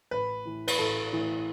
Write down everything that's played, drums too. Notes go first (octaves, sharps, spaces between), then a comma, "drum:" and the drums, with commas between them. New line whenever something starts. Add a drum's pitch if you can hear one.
A1 B4
A2 E3
B4, drum: cymbal
A1 A4
A2 E3